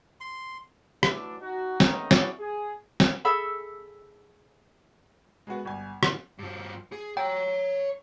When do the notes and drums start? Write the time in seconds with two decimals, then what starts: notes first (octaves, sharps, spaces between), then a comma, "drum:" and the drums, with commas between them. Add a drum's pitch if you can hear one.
0.21 C6
1.03 E3 F#3 A3 D4, drum: rim click
1.41 D#4 F#4
1.80 D#3 G#3 A3 B3 C#4 D#4, drum: snare
2.11 E4 F#4 G#4 C#5 D5, drum: snare
2.39 G#4
3.00 drum: snare
3.25 G#4 A4 E5 B5
5.47 G#3 B3 F#4 B4
5.65 G1 G#5
6.03 G#2 D3 E3, drum: rim click
6.39 G2 F3
6.92 G#4
7.17 C#5 G5 A#5